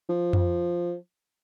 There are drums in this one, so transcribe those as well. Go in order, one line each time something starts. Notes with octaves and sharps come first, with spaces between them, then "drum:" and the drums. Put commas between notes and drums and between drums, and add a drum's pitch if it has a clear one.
F3
drum: tom F2